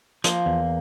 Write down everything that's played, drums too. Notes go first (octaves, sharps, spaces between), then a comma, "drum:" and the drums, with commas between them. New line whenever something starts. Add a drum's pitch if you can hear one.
F3 A#3, drum: hi-hat
E2